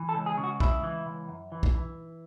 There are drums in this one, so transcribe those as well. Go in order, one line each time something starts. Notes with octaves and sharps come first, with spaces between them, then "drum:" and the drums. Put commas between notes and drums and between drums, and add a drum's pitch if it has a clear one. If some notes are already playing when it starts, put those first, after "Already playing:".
Already playing: E3
A4
C#2
G#4
C#3
F#4
C#2 E4, drum: kick
E3
C#2
F#2
E3
drum: kick
E3